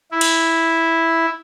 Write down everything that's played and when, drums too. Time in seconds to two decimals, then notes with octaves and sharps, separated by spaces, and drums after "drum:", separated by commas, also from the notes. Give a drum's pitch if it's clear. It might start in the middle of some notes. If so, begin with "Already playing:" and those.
0.11 E4
0.21 drum: cymbal